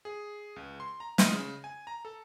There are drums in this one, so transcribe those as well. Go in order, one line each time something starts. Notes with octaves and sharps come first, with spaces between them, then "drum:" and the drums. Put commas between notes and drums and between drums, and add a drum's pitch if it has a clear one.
G#4
C#2
C6
A#5
D#5, drum: snare
C#3
G#5
A#5
A4